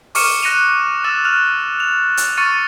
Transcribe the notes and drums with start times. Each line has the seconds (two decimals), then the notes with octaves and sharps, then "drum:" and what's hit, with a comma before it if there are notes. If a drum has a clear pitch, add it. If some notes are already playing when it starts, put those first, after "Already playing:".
0.15 C#6 D6 F6 C#7 D#7 E7, drum: open hi-hat
0.42 F#6 A#6 C#7 D#7 F7
1.04 D6 E6 F#6 A6 E7
1.25 F6 F#6 F7
1.80 F7
2.17 drum: hi-hat
2.37 C#6 F6 A6 C#7 D#7